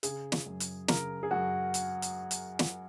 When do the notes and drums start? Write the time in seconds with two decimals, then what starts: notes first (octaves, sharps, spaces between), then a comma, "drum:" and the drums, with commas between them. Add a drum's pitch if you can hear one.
0.03 C#3 G#4, drum: hi-hat
0.32 drum: snare
0.46 F#2
0.60 drum: hi-hat
0.88 C#3 A#4, drum: snare
1.23 G#4
1.31 F#2 F#4
1.74 drum: hi-hat
2.02 drum: hi-hat
2.31 drum: hi-hat
2.59 drum: snare